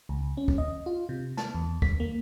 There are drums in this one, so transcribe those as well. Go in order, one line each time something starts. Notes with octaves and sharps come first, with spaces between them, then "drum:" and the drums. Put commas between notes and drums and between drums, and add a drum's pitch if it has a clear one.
C#2
C#4
drum: kick
D#5
F4
C3
A5, drum: snare
E2
B6, drum: kick
A#3